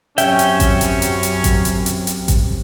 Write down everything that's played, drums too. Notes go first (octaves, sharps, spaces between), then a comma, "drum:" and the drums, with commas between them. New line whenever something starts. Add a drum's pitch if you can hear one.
F#2 C4 C#4 G4 E5 G5, drum: hi-hat
drum: hi-hat
drum: kick A1, hi-hat
drum: hi-hat
drum: hi-hat
drum: hi-hat
drum: kick A1, hi-hat
drum: hi-hat
drum: hi-hat
drum: hi-hat
drum: kick A1, hi-hat